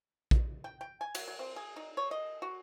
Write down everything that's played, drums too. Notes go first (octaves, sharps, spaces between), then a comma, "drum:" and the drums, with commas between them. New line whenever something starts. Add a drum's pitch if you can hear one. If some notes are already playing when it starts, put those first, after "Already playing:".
drum: kick A#1
G5
G5
G#5
F#3, drum: cymbal
F#3
C4
G#4
D#4
C#5
D#5
F#4